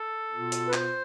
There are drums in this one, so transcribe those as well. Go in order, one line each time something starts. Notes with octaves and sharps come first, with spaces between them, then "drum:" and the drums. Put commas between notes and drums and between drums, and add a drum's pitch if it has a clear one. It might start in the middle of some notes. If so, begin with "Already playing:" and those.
Already playing: A4
B2 B3 F4
drum: hi-hat
B4
C5, drum: clap